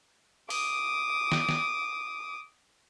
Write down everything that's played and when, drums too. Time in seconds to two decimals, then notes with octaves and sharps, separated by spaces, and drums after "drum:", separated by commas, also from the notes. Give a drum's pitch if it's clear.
0.50 D6 D#6, drum: open hi-hat
1.32 drum: snare
1.49 drum: snare